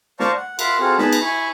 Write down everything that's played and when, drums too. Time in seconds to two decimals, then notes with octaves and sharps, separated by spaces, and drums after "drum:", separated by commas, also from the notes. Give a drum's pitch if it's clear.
0.20 C5 D5 F5 A5 A#5 C#6, drum: snare
0.37 F#5
0.59 F4 A#4 E5 F#5 B5 C6, drum: cymbal
0.79 C4 F4 F#4 G#4 A4
0.98 B3 D#4 G#4 D#5 A5 B5, drum: snare
1.13 drum: cymbal
1.22 E4 G#5 B5 C#6